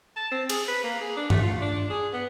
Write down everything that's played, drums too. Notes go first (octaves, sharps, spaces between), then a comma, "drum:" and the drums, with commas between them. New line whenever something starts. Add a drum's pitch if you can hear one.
A5
C4
G#4, drum: cymbal
B4
A#3
G#4
D4
A3, drum: tom G2
F4
D4
G#4
B3